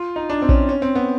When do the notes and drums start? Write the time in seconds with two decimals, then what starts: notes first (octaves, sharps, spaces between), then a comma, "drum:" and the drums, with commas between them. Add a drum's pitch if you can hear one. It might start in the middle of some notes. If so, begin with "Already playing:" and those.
Already playing: F4
0.16 D#4
0.30 D4
0.42 C4
0.49 C#4, drum: kick A#1
0.69 C#4
0.82 C4
0.95 B3